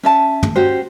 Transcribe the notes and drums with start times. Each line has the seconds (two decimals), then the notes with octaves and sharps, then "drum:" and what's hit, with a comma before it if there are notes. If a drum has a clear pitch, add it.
0.03 C#4 E5 A5
0.43 drum: tom
0.56 C#4 F#4 G4 C5